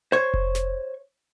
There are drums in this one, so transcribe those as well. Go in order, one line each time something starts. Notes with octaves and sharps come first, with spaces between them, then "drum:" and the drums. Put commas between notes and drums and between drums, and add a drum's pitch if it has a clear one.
C5 C#5
drum: kick F1
drum: snare